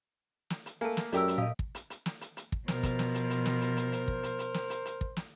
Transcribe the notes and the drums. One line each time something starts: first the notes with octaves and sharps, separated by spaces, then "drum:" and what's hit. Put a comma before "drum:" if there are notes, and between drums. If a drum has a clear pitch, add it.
drum: snare
drum: hi-hat
A3 A#3 G#5 A5
drum: snare
F#2 A3 G4 A#4 D5 E6, drum: hi-hat
drum: hi-hat
A#2 D#5 F5 D#6
drum: kick
drum: hi-hat
drum: hi-hat
drum: snare
drum: hi-hat
drum: hi-hat
drum: kick
B2 F3 A#4 C5, drum: snare
drum: kick, hi-hat
drum: snare
drum: hi-hat
drum: hi-hat
drum: snare
drum: hi-hat
drum: hi-hat
drum: hi-hat
drum: kick
drum: hi-hat
drum: hi-hat
drum: snare
drum: hi-hat
drum: hi-hat
drum: kick
drum: snare